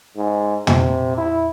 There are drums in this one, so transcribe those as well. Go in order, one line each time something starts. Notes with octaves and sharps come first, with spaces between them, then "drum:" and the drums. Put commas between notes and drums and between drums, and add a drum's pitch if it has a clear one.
G#2
C3, drum: tom
E4